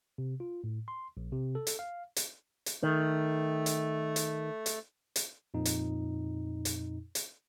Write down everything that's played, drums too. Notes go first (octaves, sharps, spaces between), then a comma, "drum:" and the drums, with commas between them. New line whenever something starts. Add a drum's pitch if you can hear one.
C3
F4
A2
C6
A#1
C3
A4
drum: hi-hat
F5
drum: hi-hat
drum: hi-hat
D#3 A3
drum: hi-hat
drum: hi-hat
drum: hi-hat
drum: hi-hat
F2 A#2 D#4
drum: hi-hat
drum: hi-hat
drum: hi-hat